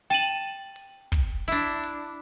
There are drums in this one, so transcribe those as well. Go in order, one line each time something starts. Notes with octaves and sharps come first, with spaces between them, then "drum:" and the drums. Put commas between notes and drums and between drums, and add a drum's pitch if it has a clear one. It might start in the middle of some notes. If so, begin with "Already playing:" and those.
G5 A5 D#7 F#7
drum: hi-hat
drum: kick, hi-hat
D4 E4, drum: hi-hat
drum: hi-hat